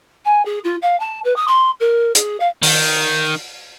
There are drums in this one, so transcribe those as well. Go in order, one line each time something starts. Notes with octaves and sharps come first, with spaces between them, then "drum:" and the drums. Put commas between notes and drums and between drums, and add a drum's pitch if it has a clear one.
G#5
G#4
F4
F5
A5
B4
D#6
C6
A#4
G#4, drum: hi-hat
F5
D#3, drum: open hi-hat